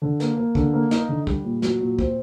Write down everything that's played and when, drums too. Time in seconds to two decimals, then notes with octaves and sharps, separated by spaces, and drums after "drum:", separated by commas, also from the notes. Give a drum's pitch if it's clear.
0.02 D3
0.20 A#3, drum: snare
0.37 A#3
0.55 D3, drum: kick
0.73 A#3
0.91 D#4, drum: snare
1.09 D3
1.27 G3, drum: kick
1.44 A#2
1.62 F#3, drum: snare
1.80 A#2
1.99 C4, drum: kick